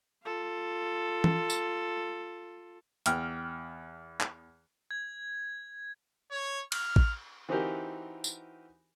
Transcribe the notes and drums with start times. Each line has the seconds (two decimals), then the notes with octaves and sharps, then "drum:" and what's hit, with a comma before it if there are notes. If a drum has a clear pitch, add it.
0.24 F4 A4
1.24 drum: tom E3
1.50 drum: tambourine
3.06 E2 G5 F6, drum: hi-hat
4.21 drum: clap
4.91 G#6
6.31 C#5
6.72 F6, drum: cymbal
6.96 drum: kick A1
7.49 E3 C4 D#4 F#4 G4 A#4
8.24 drum: tambourine